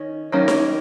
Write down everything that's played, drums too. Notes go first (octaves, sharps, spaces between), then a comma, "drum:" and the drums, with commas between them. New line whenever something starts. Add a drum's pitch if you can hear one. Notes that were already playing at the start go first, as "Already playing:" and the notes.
Already playing: D#3 C#4
D#3 F#3 A#3 C#4
drum: snare D#4